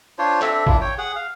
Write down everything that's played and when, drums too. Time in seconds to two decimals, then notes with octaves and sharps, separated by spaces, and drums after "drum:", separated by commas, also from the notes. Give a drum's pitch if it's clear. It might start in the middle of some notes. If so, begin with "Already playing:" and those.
0.19 D4 F4 C5 C#5
0.42 C4 D4 A4 E5, drum: clap
0.67 A#3 D4 E4 F4, drum: kick G#1
0.81 C#5 G5
0.98 G#4 F#5
1.16 F5